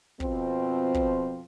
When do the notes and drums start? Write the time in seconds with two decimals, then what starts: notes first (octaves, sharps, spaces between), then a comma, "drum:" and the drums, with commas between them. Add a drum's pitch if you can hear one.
0.20 F2 B2 F3 C4, drum: kick
0.94 drum: kick